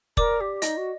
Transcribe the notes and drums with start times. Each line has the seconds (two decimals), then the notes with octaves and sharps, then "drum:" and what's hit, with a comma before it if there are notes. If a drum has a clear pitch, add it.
0.17 A#4 D5 D6, drum: kick
0.40 G4
0.62 D#4 D#5, drum: hi-hat
0.77 F#4